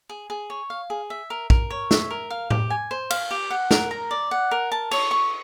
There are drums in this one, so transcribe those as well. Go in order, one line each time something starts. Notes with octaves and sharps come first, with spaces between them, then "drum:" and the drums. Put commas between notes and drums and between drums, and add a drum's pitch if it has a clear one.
G#4
G#4
C#5
F5
G#4
E5
A#4
A#4, drum: kick
C#5
E5, drum: snare
A#4
F5
G4, drum: tom A2
G#5
C5
F5, drum: cymbal
G4
F#5
A#4, drum: snare
A#5
D5
F#5
A#4
A5
C#5, drum: cymbal
C#6